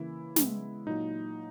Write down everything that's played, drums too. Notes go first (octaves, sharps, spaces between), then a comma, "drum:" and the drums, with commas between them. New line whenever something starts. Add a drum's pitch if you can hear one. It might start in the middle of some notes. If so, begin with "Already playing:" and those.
Already playing: C#3 E3 A#3 E4
C#3 G#3 B3, drum: snare
A#2 F#3 A#3 D#4